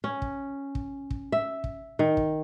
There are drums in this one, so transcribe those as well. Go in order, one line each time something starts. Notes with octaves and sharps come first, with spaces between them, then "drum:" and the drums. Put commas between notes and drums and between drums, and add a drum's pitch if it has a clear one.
C#4
drum: kick
drum: kick
drum: kick
E5
drum: kick
D#3
drum: kick